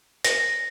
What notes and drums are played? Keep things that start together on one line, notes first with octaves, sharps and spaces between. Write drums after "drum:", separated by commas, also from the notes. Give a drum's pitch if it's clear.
A#6, drum: hi-hat